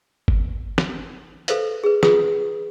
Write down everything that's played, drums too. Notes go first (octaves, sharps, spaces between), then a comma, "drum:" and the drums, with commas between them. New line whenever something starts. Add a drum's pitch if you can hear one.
drum: kick G1
drum: snare
A4 B4 C5 E5 F5, drum: hi-hat
G#4 B4
F4 G#4 B4 D#6, drum: snare